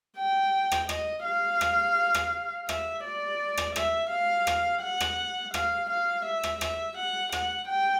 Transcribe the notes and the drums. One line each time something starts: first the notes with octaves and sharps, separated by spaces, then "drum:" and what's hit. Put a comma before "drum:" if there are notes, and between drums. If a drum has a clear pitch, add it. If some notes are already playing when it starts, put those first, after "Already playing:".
G5
drum: rim click
D#5, drum: rim click
F5
drum: rim click
drum: rim click
E5, drum: rim click
D5
drum: rim click
E5, drum: rim click
F5
drum: rim click
F#5
drum: rim click
F5, drum: rim click
F5
E5
drum: rim click
E5, drum: rim click
F#5
F#5, drum: rim click
G5